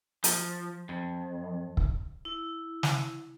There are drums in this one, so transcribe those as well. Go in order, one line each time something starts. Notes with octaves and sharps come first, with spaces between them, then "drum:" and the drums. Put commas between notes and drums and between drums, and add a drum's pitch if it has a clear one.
F3, drum: hi-hat
F2
drum: kick
E4
drum: snare